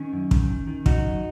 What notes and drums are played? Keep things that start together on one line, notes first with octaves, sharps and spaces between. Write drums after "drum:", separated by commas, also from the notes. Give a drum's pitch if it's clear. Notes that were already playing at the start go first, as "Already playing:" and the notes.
Already playing: D#3 C#4
F#2
D#3, drum: kick
D#3
D#3
F#2 D#4 F#4, drum: kick
F#2